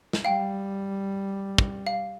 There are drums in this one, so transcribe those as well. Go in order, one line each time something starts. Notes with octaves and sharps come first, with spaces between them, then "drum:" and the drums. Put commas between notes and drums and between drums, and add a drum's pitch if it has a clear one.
drum: snare
G3 F5 G5
drum: kick
F5